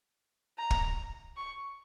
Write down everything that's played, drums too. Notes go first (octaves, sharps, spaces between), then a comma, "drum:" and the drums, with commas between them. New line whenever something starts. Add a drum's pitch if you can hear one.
A#5
drum: kick
C#6